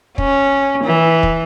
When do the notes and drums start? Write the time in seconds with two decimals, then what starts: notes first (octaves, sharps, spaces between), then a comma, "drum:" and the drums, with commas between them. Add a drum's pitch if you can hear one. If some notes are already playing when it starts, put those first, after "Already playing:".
0.18 C#4, drum: kick
0.84 E3
1.23 drum: kick